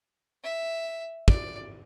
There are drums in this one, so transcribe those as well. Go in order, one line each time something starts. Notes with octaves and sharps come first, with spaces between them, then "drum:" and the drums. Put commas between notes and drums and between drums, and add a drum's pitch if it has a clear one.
E5
D5, drum: kick